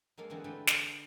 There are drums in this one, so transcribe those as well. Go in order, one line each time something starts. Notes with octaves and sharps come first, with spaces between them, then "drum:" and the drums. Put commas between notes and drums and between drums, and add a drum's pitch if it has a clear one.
F#3 G#3 A#3 A4 F5
D3 E3 G#3 C4 F#4 G#4
D3 A3 B4 F5 G5
A3, drum: snare